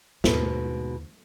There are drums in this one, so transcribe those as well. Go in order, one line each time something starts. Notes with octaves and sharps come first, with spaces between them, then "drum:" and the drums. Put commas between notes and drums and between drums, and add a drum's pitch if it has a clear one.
D#2 G#2 B2 D3, drum: snare